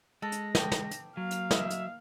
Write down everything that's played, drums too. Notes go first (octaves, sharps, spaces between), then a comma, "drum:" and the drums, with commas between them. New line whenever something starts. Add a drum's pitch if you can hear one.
G#3 A4 A#6
drum: hi-hat
A3 B3 G4, drum: snare
drum: snare
drum: hi-hat
F#3 A#3 F5
drum: hi-hat
E4 D#5 E5, drum: snare
drum: hi-hat